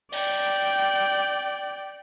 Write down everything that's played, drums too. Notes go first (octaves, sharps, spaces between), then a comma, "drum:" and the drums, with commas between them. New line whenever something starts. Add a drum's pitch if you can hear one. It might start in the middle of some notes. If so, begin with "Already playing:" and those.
D5 G5, drum: open hi-hat